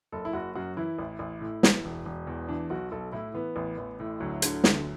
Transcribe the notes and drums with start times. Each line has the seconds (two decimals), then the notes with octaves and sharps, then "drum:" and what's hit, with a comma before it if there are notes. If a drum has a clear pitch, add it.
0.12 F#1 A4
0.25 E4
0.33 F#1 F#4
0.55 F#2 F#4
0.77 E3 E4
0.99 A1
1.19 A1
1.41 A2
1.63 E3, drum: snare
1.85 E1
2.05 E1
2.27 E2
2.48 E3 D4
2.70 B1 F#4
2.92 B1 A4
3.12 A2 E4
3.34 E3 B3
3.56 A1
3.77 A1
4.00 A2
4.20 D2 F#3
4.42 D3, drum: hi-hat
4.64 D2, drum: snare